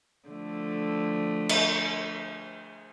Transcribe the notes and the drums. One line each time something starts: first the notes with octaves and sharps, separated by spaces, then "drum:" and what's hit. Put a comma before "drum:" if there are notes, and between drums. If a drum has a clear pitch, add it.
D3 F3 A3
drum: cymbal